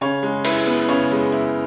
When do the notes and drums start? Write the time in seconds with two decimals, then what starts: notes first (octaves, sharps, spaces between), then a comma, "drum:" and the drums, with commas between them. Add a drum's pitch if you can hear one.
0.01 C#3 C#5
0.23 G#3
0.44 E4 B4, drum: cymbal
0.67 B3
0.89 C#3 C#5
1.11 G#3
1.32 E4